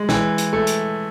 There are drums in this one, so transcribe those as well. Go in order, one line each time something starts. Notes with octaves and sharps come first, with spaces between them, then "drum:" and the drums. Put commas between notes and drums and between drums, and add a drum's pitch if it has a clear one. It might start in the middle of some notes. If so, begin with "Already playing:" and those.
Already playing: G#3
E3, drum: snare
drum: hi-hat
A3
drum: hi-hat